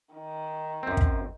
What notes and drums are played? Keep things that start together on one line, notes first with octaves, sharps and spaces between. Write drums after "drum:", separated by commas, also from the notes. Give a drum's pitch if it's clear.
D#3
F#2 C4
drum: kick